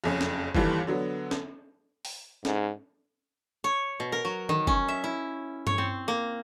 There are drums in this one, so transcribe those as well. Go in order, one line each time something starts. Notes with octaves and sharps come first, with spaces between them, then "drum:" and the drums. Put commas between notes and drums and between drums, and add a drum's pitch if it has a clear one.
F#1 F2 C#4
drum: snare C#4
G1 D#2 E3 G3 A4, drum: kick
D3 F#3 B3
drum: snare C#4
drum: open hi-hat
G#2, drum: snare C#4
C#5
B2
A#4
F#3
D#3, drum: tom D#3
C#4, drum: kick
E5
E4
C#5, drum: tom G2
C4
A#3